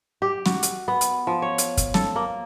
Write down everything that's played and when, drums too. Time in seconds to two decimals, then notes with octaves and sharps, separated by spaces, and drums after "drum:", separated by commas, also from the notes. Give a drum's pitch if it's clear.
0.22 G4
0.46 F#4, drum: snare
0.63 drum: hi-hat
0.88 B3
1.01 drum: hi-hat
1.27 F3
1.42 C#5
1.58 drum: hi-hat
1.77 drum: kick, hi-hat
1.94 A4, drum: snare
2.16 A#3